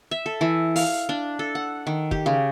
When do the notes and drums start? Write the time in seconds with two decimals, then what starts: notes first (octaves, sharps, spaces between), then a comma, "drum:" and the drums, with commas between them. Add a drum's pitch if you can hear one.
0.11 E5
0.26 A4
0.41 E3
0.76 F5, drum: open hi-hat
1.09 D4
1.39 A4
1.55 F#5
1.87 D#3
2.11 G4, drum: kick
2.26 C#3